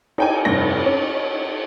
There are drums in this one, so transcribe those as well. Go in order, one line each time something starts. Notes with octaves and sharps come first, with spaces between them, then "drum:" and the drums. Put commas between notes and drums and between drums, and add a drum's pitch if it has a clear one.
D#4 G5 G#5, drum: cymbal
F1 G2 A#6
C#4